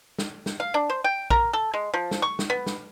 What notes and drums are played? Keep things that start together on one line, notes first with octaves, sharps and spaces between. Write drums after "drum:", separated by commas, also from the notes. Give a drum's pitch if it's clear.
drum: snare
drum: snare
F5
D4
C5
G5
A#4, drum: kick A#1
A4
G#3
F3
drum: snare
C#6
drum: snare
B3
drum: snare